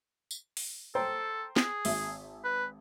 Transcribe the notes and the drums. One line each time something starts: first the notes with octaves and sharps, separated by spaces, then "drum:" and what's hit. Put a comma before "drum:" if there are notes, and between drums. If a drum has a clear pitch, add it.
drum: tambourine
drum: open hi-hat
A4 C5 G5 A#5
G#4, drum: snare
G#1 E5, drum: open hi-hat
B4